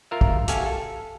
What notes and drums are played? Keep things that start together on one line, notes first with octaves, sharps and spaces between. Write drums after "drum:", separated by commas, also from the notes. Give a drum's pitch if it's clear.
F4 A#4 E5
drum: kick
F#4 G4 A4 E5 F5 G#5, drum: hi-hat
A4